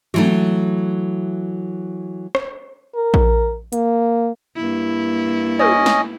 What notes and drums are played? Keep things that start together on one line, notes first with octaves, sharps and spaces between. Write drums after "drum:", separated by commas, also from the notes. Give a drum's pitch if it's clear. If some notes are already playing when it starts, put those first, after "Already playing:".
E3 F#3 A3, drum: tom
drum: rim click
A#4
drum: kick A#1
A#3, drum: hi-hat
G2 A#3 E4
C#4 D#5, drum: tom
drum: snare